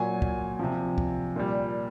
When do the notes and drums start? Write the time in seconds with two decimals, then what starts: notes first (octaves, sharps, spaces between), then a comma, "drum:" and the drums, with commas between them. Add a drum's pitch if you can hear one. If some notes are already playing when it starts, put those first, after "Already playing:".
Already playing: A#2 F#3 G#5
0.22 drum: kick
0.59 C3 F3
0.98 drum: kick
1.36 A#2 G3